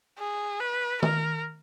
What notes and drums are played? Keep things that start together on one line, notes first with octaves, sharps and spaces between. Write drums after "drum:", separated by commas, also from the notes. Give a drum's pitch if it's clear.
G#4
B4
A#4, drum: tom D#3